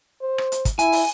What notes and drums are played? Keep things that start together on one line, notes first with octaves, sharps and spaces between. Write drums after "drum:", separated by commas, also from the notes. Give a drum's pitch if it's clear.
C5
drum: rim click
drum: hi-hat
drum: kick, hi-hat
E4 G#5, drum: hi-hat
drum: open hi-hat